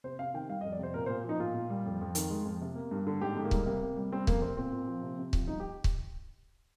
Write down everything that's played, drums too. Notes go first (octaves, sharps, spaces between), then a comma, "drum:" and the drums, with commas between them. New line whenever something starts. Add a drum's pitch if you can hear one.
C3 C5
C3 F5
D#3 G5
G3 F5
D#5
F2
D5
C3 C5
A#2 A#4
A#2 C5
F3 D#4
A#2 F4
A#2
G3
F2
F2
D#3, drum: hi-hat
G#3
F2
C3
A#3
G2
D3
G#2 G4
G#2
A#3
G3, drum: kick C#1
C3 A#3
C3
G3
G3 C4
F2 A#3, drum: kick C#1
C3 C4
A#2 C4
A#2
F3
C3
C3
F3, drum: kick C#1
G2 D#4
G4
drum: kick C#1